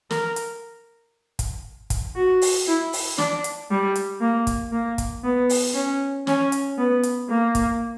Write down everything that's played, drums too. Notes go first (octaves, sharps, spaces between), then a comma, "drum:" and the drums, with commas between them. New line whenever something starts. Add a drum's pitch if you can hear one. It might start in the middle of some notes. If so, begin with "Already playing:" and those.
A#4, drum: snare
drum: hi-hat
drum: kick, hi-hat
drum: kick, hi-hat
F#4
drum: open hi-hat
E4
drum: open hi-hat
D4, drum: snare
drum: hi-hat
G3
drum: hi-hat
A#3
drum: kick, hi-hat
A#3
drum: kick, hi-hat
B3
drum: open hi-hat
C#4
C#4, drum: snare
drum: hi-hat
B3
drum: hi-hat
A#3
drum: kick, hi-hat